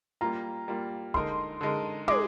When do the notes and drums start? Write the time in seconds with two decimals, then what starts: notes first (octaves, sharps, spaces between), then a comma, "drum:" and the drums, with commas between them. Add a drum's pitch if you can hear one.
0.21 G3 A#3 F4 A#5
0.68 G3 A#3 F4
1.14 D3 G#3 D#4 A#4 C6, drum: kick
1.61 D3 G#3 D#4 A#4
2.08 G#3 D#4 G#4 D6, drum: tom